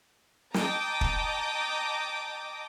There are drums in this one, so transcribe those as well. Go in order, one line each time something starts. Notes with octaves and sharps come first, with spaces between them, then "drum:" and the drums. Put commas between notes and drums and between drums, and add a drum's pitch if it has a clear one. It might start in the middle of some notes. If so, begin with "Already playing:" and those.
D#5 G5 A5 A#5 D6 D#6, drum: snare
drum: kick